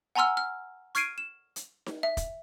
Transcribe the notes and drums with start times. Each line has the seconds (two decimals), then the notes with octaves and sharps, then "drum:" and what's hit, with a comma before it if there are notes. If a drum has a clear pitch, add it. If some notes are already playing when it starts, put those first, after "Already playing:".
0.15 F#5 G#5 A#5 C6 E6 F6
0.37 F6
0.95 C#6 F6 G#6 C7 D7 D#7, drum: hi-hat
1.18 E7
1.56 drum: hi-hat
1.86 drum: snare D#4
2.03 E5
2.17 drum: kick, hi-hat